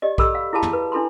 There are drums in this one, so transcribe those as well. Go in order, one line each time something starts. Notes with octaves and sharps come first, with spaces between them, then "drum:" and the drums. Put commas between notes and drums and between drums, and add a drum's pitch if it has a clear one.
G4 D5 D#5
G4 A4 B5 E6, drum: kick A#1
F5
E4 G4 G#4 F5 A5 B5
drum: tom
B4
D4 E4 A4 B5 C6